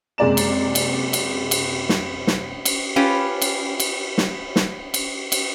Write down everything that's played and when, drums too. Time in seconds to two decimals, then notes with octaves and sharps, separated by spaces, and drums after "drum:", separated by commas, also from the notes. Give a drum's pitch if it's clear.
0.18 F#1 C3 G#3 D5 A#5 E7
0.37 drum: cymbal
0.75 drum: cymbal
1.13 drum: cymbal
1.51 drum: cymbal
1.89 drum: snare
2.27 drum: snare
2.65 drum: cymbal
2.96 C#4 F4 G4 B4
3.42 drum: cymbal
3.80 drum: cymbal
4.18 drum: snare
4.56 drum: snare
4.94 drum: cymbal
5.32 drum: cymbal